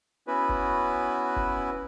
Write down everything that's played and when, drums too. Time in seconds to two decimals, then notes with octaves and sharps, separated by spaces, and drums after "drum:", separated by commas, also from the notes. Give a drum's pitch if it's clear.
0.27 B3 C#4 E4 F#4 B4
0.49 drum: kick F1
1.36 drum: kick F1